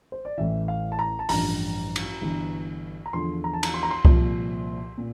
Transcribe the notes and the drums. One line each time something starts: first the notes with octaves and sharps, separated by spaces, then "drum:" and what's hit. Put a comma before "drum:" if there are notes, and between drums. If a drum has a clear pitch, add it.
C5
D5
A1 A2 E3 E5
F5
A5
A#5
A5
A1 G2 F3 A#5, drum: open hi-hat
drum: cymbal
G1 G2 E3
A#5
E2 D3 F3 C6
A#5
A5
A#5, drum: cymbal
C6
A#5
C6
C2 A#2 F3, drum: kick C2
A#2